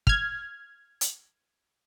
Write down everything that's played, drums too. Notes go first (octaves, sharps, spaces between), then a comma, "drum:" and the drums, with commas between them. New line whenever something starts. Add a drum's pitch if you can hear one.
F6 G#6, drum: kick
drum: hi-hat